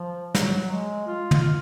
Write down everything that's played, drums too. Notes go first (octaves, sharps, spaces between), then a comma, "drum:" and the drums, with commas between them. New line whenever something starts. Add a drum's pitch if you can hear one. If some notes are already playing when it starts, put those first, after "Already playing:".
Already playing: F3
F#3, drum: snare
G#3
F4
drum: tom
F4